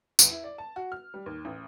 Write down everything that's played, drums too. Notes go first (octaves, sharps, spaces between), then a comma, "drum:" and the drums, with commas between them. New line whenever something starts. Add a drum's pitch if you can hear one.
E2, drum: tambourine
E4
D5
A5
F#4
F6
G3
D#2
A1